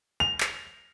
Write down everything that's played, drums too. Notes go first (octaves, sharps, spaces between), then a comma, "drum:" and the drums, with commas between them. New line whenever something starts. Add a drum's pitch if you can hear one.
F7
drum: clap